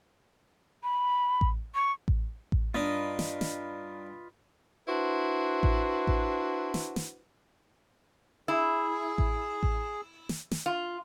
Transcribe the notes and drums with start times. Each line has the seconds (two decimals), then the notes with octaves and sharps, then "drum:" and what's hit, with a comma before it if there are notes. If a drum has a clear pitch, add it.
0.83 B5
1.41 drum: kick A1
1.75 C#6
2.08 drum: kick A1
2.52 drum: kick A1
2.74 G2 D4 D#4 F4 B4 D#5
3.19 drum: snare
3.41 drum: snare
4.88 D4 E4 F#4 B4 C5
5.63 drum: kick A1
6.07 drum: kick A1
6.74 drum: snare
6.96 drum: snare
8.48 E4 G#4
9.18 drum: kick A1
9.63 drum: kick A1
10.29 drum: snare
10.51 drum: snare
10.66 F4